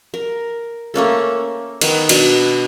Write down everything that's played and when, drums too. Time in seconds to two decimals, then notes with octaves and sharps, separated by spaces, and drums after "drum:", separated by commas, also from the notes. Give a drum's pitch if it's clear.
0.14 A#4
0.94 A3 A#3 C#4 A4
1.81 D#3 B3, drum: cymbal
2.09 B2 D4, drum: cymbal